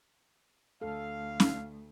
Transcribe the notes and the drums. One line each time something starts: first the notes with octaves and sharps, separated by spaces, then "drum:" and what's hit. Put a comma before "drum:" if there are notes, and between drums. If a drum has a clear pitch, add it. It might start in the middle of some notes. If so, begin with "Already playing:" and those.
D2 A4 F5
drum: snare C#4